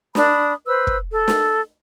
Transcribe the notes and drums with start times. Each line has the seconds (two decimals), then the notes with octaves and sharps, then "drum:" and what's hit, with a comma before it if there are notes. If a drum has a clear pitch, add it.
0.15 D4 B5 D#6, drum: snare
0.65 B4 C5 E6
0.87 drum: kick
1.11 A4
1.28 drum: snare